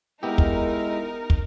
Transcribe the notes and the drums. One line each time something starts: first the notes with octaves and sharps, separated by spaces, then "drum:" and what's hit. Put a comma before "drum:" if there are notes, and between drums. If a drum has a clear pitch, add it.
G#3 B3 D#4 E4 G4 A#4
drum: kick
drum: kick